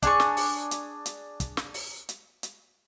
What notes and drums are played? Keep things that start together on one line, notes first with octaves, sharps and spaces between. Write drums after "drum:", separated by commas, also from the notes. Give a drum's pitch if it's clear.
D4 G#4 C#6, drum: kick, hi-hat
drum: snare
drum: open hi-hat
drum: hi-hat
drum: hi-hat
drum: kick, hi-hat
drum: snare
drum: open hi-hat
drum: hi-hat
drum: hi-hat